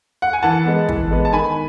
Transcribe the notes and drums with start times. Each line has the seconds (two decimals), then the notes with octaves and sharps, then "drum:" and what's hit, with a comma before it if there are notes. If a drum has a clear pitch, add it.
0.22 F#5
0.33 G#5
0.43 E3 F#5 A5
0.65 G#3 B3
0.89 E3, drum: kick
1.11 G#3 B3
1.25 A5
1.33 D#3 G#5 B5